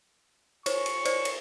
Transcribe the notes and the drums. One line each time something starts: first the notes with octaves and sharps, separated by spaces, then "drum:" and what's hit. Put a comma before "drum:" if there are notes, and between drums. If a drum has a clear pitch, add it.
C5 C#5 C#6, drum: cymbal
drum: cymbal
C5 D5, drum: cymbal
drum: cymbal